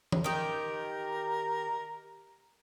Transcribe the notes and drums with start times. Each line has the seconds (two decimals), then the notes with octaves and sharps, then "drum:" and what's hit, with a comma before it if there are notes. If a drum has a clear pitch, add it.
0.12 drum: tom E3
0.24 D#3 G4 A#4